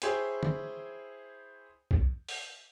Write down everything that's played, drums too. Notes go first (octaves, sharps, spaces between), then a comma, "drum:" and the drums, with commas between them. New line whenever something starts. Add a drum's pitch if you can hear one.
E4 G#4 C5 C#5 G5 G#5, drum: hi-hat
drum: tom
drum: kick
drum: open hi-hat